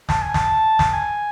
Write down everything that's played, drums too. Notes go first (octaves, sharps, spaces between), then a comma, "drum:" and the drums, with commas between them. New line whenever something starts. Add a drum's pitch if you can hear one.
A5, drum: snare
G#5
A5, drum: snare
drum: snare
G#5